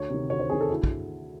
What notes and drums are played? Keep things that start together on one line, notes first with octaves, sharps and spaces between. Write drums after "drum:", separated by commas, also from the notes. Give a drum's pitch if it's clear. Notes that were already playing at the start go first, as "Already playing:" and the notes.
Already playing: D2 C#5
C3 D#3
D2 C#5
C5
C3 D#3 G#4
A4
D2 E4
drum: kick